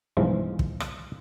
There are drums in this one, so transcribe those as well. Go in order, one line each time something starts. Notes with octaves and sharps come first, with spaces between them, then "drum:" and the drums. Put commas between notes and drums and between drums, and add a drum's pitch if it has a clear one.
B1 G2 E3 F3 G#3
drum: kick
drum: rim click